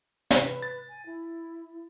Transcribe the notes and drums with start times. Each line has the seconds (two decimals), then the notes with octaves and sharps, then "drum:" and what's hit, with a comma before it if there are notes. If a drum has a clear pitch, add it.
0.31 drum: snare
0.43 B4
0.62 A6
0.88 G#5
1.05 E4